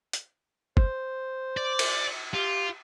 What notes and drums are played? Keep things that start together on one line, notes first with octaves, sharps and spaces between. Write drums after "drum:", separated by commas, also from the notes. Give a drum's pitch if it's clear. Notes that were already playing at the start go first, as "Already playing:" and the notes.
drum: hi-hat
C5, drum: kick
D5
drum: cymbal
F4 G4